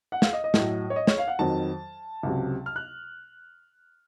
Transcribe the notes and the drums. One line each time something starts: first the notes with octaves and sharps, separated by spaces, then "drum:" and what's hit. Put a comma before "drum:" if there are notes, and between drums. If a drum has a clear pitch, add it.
F#5
F5, drum: snare
D#5
D#5
A2, drum: snare
F#3
C#5
D#5
C#5, drum: snare
F5
F#5
F2 D#3 F#3 A5
C#2 C3 F#3
F6
F#6